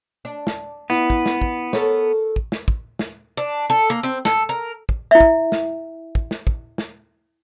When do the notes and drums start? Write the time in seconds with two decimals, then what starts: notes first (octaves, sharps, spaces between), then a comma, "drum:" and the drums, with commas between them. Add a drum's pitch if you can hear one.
0.25 D4
0.47 drum: snare
0.90 B3 E4
1.10 drum: kick
1.26 drum: snare
1.42 drum: kick
1.73 A4 A#4 C#5, drum: snare
2.36 drum: kick
2.52 drum: snare
2.68 drum: kick
2.99 drum: snare
3.37 D4
3.70 A4
3.90 A#3
4.03 C4
4.25 A4, drum: snare
4.49 A#4
4.89 drum: kick
5.11 E4 E5
5.20 drum: kick
5.52 drum: snare
6.15 drum: kick
6.31 drum: snare
6.47 drum: kick
6.78 drum: snare